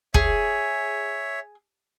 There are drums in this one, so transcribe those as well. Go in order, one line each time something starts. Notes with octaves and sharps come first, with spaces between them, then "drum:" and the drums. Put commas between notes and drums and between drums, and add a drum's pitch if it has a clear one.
G#4 C#5 E5, drum: kick